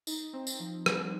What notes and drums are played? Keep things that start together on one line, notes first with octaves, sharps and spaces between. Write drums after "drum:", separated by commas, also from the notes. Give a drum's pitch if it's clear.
D#4, drum: tambourine
C4
drum: tambourine
F3
G3, drum: rim click